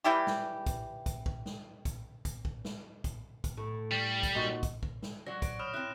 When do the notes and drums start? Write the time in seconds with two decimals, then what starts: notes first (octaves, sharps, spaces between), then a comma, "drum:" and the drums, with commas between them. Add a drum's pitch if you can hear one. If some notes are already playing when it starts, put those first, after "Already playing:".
0.04 E3 G3 E4 G4
0.27 drum: snare
0.66 drum: kick, hi-hat
1.06 drum: kick, hi-hat
1.26 drum: kick
1.46 drum: snare
1.85 drum: kick, hi-hat
2.25 drum: kick, hi-hat
2.45 drum: kick
2.65 drum: snare
3.04 drum: kick, hi-hat
3.44 drum: kick, hi-hat
3.57 A2
3.91 G3
4.23 drum: kick, hi-hat
4.35 A#2 D#4 F#4
4.63 drum: kick, hi-hat
4.83 drum: kick
5.03 drum: snare
5.27 F#3 F#4 C5 D5 A#6
5.42 D7, drum: kick, hi-hat
5.59 C#5 B5 D#6 F6 E7
5.74 C4 E4 F#6 E7